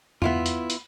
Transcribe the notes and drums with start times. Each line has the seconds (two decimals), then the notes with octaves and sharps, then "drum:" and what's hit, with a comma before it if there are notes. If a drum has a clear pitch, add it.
0.22 B3 E4 F4, drum: tom E2
0.46 drum: hi-hat
0.70 drum: hi-hat